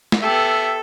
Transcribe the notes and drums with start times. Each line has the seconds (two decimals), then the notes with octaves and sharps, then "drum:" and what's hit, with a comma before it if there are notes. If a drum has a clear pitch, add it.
0.12 drum: snare
0.22 B3 G4 A4 E5